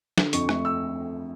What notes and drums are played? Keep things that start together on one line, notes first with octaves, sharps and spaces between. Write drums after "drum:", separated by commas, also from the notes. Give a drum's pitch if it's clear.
D3, drum: snare
F2 C#6, drum: hi-hat
A3 C#6, drum: rim click
E6